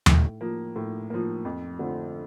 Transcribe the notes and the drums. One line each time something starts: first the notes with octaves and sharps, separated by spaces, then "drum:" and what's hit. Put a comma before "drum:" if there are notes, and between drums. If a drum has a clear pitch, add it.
A2, drum: tom D#2
F3 A#3
A2
F3 A#3
F2
D3 F3 A3 C4